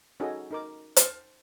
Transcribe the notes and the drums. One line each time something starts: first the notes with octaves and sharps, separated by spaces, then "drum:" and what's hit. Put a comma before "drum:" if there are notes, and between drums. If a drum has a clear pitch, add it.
C#4 D#4 F#4 G#4 A4 D#5
D#4 A#4 D6
C5 A5, drum: hi-hat